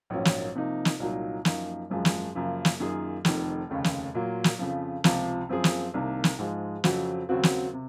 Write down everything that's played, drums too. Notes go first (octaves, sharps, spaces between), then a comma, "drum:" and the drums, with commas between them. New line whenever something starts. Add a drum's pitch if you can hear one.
A#1 G#2 F#3 A#3 C#4
drum: snare
C3 F3 A#3 D#4
drum: snare
C2 A#2 F#3 A#3 D#4
F#2 F3 A#3 D#4, drum: snare
G#1 F#2 F3 G#3
drum: snare
F#2 C#3 F3 A#3
drum: snare
F#2 D#3 A#3 F4 G#4
F1 F2 D#3, drum: snare
F1 D#2 C#3
drum: snare
A#2 F#3 A#3 F4
drum: snare
F2 C#3 F3
C#2 C3 F3, drum: snare
F#2 F3 C4 F4 G#4
drum: snare
C2 C3 D#3 A#3
drum: snare
G#2 F3 G#3
F2 C#3 F#3 C4 F#4, drum: snare
D#2 C#3 F#3 C4 F#4
drum: snare
C3